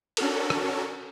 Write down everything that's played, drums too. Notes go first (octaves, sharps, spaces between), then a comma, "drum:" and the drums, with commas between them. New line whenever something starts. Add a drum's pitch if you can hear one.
C#4 D4 F#4 A4 A#4, drum: cymbal
drum: rim click